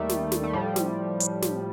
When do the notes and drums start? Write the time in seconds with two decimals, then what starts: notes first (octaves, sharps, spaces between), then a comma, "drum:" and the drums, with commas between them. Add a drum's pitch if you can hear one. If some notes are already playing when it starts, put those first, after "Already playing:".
Already playing: D#2 D#3 G3 A3
0.09 drum: snare
0.32 drum: snare
0.44 A3
0.53 A2 F3 G3
0.76 drum: snare
1.20 drum: hi-hat
1.42 drum: snare